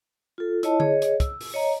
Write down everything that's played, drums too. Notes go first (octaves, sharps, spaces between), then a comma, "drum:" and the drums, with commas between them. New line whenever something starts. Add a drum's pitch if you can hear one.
F4 A4
E4 C#5 D#5 A5, drum: hi-hat
G#4 C#5 D#5, drum: tom D3
drum: hi-hat
E6, drum: kick, hi-hat
drum: open hi-hat
C#5 D#5 A#5